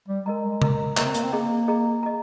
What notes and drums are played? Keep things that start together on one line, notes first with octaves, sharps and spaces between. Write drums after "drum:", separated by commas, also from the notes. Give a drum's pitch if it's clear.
G3
G#3 A#4 D#5 A#5
A#4 D#5 A#5, drum: tom C#3
A#3 A#4 D#5 A#5, drum: clap
C4
A#3, drum: hi-hat
C4
A#3 G#4 D#5 A#5
G#4 D#5 A#5
D#5 A#5